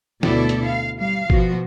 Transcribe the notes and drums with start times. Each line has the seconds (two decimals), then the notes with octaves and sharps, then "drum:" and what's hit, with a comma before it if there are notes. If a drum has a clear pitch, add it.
0.23 D2 B2 E4 A4 D5, drum: snare
0.49 drum: hi-hat
0.66 F5
0.99 G3 F5
1.30 B2 F3 F#4, drum: kick G#1